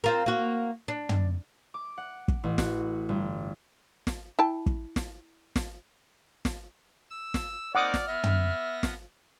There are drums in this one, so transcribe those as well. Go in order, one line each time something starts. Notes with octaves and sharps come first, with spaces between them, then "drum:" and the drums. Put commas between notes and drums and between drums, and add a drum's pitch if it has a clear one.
C4 F4 A#4
A#3 F#4
D4
drum: tom
D6
F#5
drum: kick
A1
F#4, drum: snare
G1
drum: snare
E4 G5 A5
drum: kick
drum: snare
drum: snare
drum: snare
E6
drum: snare
A#3 C4 D#4 D5 F#5 D6 D#6 F6
drum: snare
B3 E5 A#6
drum: tom
drum: snare